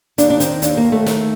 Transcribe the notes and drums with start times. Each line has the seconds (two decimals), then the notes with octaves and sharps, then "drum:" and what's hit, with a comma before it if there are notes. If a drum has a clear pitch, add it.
0.18 D#2 D4, drum: hi-hat
0.30 D4
0.40 D#3 C4, drum: hi-hat
0.62 D#2 D4, drum: hi-hat
0.77 A#3
0.85 D#2
0.92 A3
1.06 D#3, drum: snare